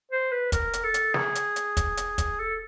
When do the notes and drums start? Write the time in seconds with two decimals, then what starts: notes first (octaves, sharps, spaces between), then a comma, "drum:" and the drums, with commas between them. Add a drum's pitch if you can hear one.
0.11 C5
0.32 B4
0.52 A#4, drum: kick, hi-hat
0.73 drum: hi-hat
0.83 A4
0.94 drum: hi-hat
1.14 G#4, drum: snare
1.35 drum: hi-hat
1.56 drum: hi-hat
1.77 drum: kick, hi-hat
1.97 drum: hi-hat
2.18 drum: kick, hi-hat
2.39 A4